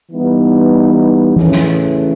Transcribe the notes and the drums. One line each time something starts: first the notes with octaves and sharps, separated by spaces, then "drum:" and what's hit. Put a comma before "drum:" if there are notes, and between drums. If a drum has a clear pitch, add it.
E3 G3 B3 D#4
C#3 E3 A3 C#4, drum: tom E3
drum: snare